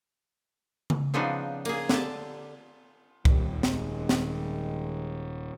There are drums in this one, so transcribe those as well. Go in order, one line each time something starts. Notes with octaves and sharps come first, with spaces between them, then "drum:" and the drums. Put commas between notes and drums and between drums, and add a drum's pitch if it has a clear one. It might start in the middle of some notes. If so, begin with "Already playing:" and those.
drum: tom C#3
C#3 F3 B3 C4 D4 D#4
A#3 G#4, drum: cymbal
D3 G4 A5, drum: snare
D#1 C3 D#3 G3, drum: kick C2
D#3 G#3, drum: snare
drum: snare